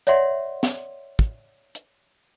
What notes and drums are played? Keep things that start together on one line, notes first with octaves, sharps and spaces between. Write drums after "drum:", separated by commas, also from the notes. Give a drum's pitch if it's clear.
C#5 D5 E5 F#5 C6, drum: hi-hat
drum: snare
drum: kick
drum: hi-hat